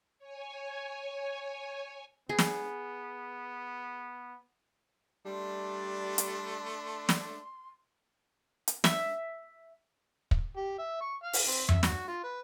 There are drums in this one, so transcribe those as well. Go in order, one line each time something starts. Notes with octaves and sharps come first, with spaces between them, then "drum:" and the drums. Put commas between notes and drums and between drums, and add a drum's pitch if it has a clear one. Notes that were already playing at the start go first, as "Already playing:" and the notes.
C#5 G#5
B3 G#4
drum: snare
G3 A3 D4 C6
drum: hi-hat
drum: snare
drum: hi-hat
E5, drum: snare
drum: kick
G4
E5
C#6
F5
drum: open hi-hat
C4
E5, drum: tom F2
F#4, drum: snare
F4
B4